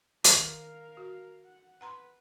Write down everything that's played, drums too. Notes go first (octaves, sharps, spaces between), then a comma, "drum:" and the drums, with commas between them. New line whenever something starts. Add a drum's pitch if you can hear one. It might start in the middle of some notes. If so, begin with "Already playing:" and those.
D#3 A#4 F5, drum: hi-hat
F#4
F#5
B4 F#5 A#5 C6